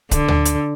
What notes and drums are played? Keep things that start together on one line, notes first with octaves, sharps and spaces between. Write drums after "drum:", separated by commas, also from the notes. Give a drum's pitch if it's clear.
D3, drum: kick C#1, hi-hat
drum: tom D2
drum: hi-hat